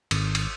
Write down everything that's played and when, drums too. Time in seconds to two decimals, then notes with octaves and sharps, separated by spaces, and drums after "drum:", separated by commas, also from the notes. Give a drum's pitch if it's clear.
0.11 G#1, drum: cymbal
0.35 drum: cymbal